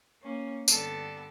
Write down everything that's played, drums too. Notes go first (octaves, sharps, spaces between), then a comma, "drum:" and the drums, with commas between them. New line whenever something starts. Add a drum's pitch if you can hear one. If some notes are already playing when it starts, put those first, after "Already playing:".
A#3 C#4
G2 D3 B3 A4 D5, drum: tambourine